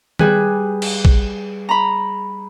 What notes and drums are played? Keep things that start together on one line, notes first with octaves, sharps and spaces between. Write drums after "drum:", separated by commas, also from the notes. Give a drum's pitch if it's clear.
G3 G#4 B4, drum: tom D#3
drum: cymbal
drum: kick A#1
A#5 B5